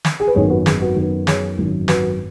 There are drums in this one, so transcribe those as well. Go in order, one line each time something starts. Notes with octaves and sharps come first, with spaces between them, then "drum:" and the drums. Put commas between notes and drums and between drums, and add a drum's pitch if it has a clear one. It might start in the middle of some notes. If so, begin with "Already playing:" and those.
drum: snare
G#4
B4
G#1 F#2 D#3 B3 G#4 C#5
F#4 B4
G#4, drum: snare
F#4 B4
F#2 D#3 B3
G#4 C#5, drum: snare
G#1 F#2 D#3
F#4 B4, drum: snare